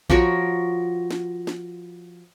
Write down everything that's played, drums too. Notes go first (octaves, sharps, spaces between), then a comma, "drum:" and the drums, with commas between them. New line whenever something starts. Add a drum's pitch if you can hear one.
F3 F#4 A#4 C#5, drum: kick A#1
drum: snare
drum: snare